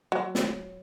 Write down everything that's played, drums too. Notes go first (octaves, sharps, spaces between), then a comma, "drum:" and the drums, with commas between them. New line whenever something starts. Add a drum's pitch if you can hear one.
F#3
drum: snare